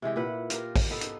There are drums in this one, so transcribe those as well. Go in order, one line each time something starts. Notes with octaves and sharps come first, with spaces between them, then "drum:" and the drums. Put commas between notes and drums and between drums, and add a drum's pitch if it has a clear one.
C3 E3 G#3 G4
A#2 E4 B4 F#5
F4 G4 A#4, drum: hi-hat
drum: kick, open hi-hat
B3 D#4 A4 B4
drum: hi-hat